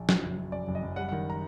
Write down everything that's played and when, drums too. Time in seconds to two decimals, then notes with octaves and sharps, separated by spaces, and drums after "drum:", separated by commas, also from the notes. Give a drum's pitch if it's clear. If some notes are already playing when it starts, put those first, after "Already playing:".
Already playing: A#1
0.09 F#3, drum: snare
0.23 F#1
0.37 F#3
0.52 F#2 D5
0.68 F#1
0.75 D#5
0.83 F#1
0.96 G3 F#5
1.09 D#3 F#5
1.30 A#5